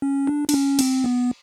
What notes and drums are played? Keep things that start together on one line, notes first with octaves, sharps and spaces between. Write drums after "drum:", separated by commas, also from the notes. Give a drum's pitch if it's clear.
C#4
D4
D4, drum: cymbal
C#4
C4, drum: cymbal
B3